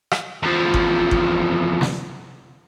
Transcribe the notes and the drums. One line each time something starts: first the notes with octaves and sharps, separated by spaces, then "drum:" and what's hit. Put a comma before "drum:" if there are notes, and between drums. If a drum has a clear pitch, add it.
drum: rim click
E2 F3
drum: kick G1
drum: kick G1
drum: snare